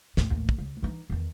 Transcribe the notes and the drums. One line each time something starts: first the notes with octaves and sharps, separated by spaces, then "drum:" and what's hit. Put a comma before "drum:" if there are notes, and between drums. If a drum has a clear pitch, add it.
D#2 A2, drum: snare
A1 D#2
drum: kick
C#2
E3 D#4
E2 D#3